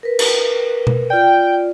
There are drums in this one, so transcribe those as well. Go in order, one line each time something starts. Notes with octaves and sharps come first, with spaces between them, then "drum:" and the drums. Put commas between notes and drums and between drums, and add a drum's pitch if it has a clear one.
A#4 B4
drum: cymbal
drum: tom B2
F4 D5 G5